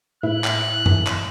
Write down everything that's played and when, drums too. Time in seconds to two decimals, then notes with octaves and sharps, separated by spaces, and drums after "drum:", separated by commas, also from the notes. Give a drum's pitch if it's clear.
0.23 A2 E4 F#6
0.44 drum: clap
0.86 drum: tom F#2
1.07 drum: clap